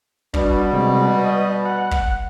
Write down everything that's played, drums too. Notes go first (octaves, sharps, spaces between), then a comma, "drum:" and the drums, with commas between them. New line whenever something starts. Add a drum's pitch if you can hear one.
B2 G3 D4, drum: kick
C3 G#3
D#5
F#5
drum: kick